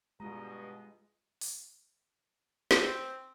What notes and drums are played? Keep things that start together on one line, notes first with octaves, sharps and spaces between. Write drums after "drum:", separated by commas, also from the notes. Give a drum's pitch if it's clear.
G2 B2 G#3 F4 D#5 A#5
drum: open hi-hat
C4, drum: snare